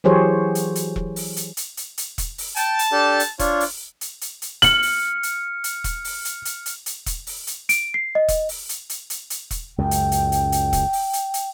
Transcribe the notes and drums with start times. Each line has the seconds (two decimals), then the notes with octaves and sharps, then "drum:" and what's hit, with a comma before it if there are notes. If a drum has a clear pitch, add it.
0.04 E3 F#3 G4 G#4 C5 C#5
0.55 drum: hi-hat
0.75 drum: hi-hat
0.96 drum: kick E1
1.16 drum: open hi-hat
1.37 drum: hi-hat
1.57 drum: hi-hat
1.77 drum: hi-hat
1.98 drum: hi-hat
2.18 drum: kick E1, hi-hat
2.38 drum: open hi-hat
2.56 G5 A5, drum: hi-hat
2.79 drum: hi-hat
2.92 D4 G4 A4
3.20 drum: hi-hat
3.39 D4 F4 C#5, drum: kick E1, hi-hat
3.60 drum: open hi-hat
4.01 drum: hi-hat
4.21 drum: hi-hat
4.42 drum: hi-hat
4.62 F6 C#7 F#7, drum: kick E1, hi-hat
4.82 drum: open hi-hat
5.23 drum: hi-hat
5.64 drum: hi-hat
5.84 drum: kick E1, hi-hat
6.05 drum: open hi-hat
6.25 drum: hi-hat
6.45 drum: hi-hat
6.66 drum: hi-hat
6.86 drum: hi-hat
7.06 drum: kick E1, hi-hat
7.27 drum: open hi-hat
7.47 drum: hi-hat
7.69 D7, drum: hi-hat
7.94 C7
8.15 D#5
8.28 drum: kick E1, hi-hat
8.49 drum: open hi-hat
8.69 drum: hi-hat
8.89 drum: hi-hat
9.10 drum: hi-hat
9.30 drum: hi-hat
9.51 drum: kick E1, hi-hat
9.78 C#2 F#2 G5
9.91 drum: hi-hat
10.12 drum: hi-hat
10.32 drum: hi-hat
10.52 drum: hi-hat
10.73 drum: kick E1, hi-hat
10.93 drum: open hi-hat
11.13 drum: hi-hat
11.34 drum: hi-hat